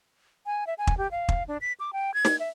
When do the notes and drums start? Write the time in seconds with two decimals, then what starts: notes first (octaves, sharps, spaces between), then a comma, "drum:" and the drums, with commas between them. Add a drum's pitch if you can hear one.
0.46 G#5
0.67 E5
0.78 G#5
0.87 drum: kick
0.98 G4
1.11 F5
1.29 drum: kick
1.48 D4
1.61 B6
1.80 D6
1.93 G5
2.14 G#6
2.25 drum: snare
2.40 E5